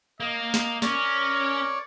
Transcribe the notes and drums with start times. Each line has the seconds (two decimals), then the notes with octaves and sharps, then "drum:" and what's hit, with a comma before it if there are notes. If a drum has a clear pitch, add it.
0.20 A#3 D#5
0.54 drum: snare
0.82 C#4 A#4 C#5 D5, drum: snare